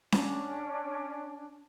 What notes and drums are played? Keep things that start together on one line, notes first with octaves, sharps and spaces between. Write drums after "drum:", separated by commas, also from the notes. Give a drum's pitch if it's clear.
C#4 D4, drum: snare C#4